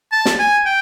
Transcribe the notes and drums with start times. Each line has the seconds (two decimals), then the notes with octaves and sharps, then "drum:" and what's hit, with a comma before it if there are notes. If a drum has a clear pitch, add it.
0.12 A5
0.25 drum: snare
0.39 G#5
0.65 G5